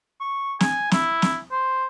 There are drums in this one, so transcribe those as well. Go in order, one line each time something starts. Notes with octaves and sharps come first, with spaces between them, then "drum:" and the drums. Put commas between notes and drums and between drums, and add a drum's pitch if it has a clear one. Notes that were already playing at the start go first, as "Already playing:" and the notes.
C#6
G#5, drum: snare
E4, drum: snare
drum: snare
C5